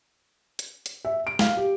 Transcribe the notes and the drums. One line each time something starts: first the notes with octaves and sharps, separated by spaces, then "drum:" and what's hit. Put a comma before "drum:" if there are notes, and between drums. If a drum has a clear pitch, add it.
drum: hi-hat
drum: hi-hat
E5
D7
F5, drum: snare
G4